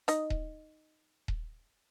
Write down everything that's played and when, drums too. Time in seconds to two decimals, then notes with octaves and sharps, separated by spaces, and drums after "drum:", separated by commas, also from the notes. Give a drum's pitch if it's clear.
0.08 D#4 D#5, drum: hi-hat
0.30 drum: kick D#1
1.28 drum: kick D#1